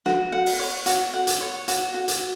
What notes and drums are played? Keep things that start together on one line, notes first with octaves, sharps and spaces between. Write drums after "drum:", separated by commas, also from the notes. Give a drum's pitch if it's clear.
F#4, drum: snare
F#5
drum: open hi-hat
C#5
F#4, drum: hi-hat
F#5
drum: hi-hat
C#5
F#4, drum: hi-hat
F#4
drum: hi-hat